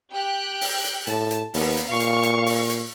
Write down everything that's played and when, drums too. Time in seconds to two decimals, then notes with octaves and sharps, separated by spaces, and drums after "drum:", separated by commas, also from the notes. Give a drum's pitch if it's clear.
0.14 G4 G5 F#6
0.61 drum: open hi-hat
0.84 drum: hi-hat
1.07 A2 A5, drum: hi-hat
1.31 drum: hi-hat
1.54 D#2 A#3 B3, drum: open hi-hat
1.77 drum: hi-hat
1.90 A#2 F5 C#6
2.00 drum: hi-hat
2.23 drum: hi-hat
2.46 drum: open hi-hat
2.69 drum: hi-hat